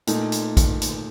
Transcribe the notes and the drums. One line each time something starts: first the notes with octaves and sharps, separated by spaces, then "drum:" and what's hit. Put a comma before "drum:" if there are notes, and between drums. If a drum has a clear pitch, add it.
A#2 A3 D#4, drum: hi-hat
drum: hi-hat
drum: kick, hi-hat
drum: hi-hat